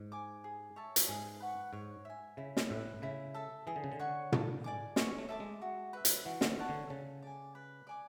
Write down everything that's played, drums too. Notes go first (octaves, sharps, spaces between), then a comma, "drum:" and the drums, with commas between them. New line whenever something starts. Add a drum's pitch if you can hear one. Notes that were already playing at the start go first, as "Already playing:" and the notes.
Already playing: G#2
G#5 D6
G#4
C#5 E5 A5
drum: hi-hat
G#2 G#4
B4 F#5 C#6
G#2 C#5
E5 G#5
C#3 E4
drum: snare
A2 B4 E5
C#3 E4
A4 E5 A5
E3 G#4
D3
C#3
D3
C#5 F#5 C#6
A4, drum: tom
D5 G#5 D6
B3 C#5, drum: snare
A3
A3 E5 A5 D6
G#3
F#4
B4 E5
drum: hi-hat
E3 F#4
D3, drum: snare
E3
C#5 F#5 A5
D3
C#3 A4
D5 G#5
B4
D5 G#5 D6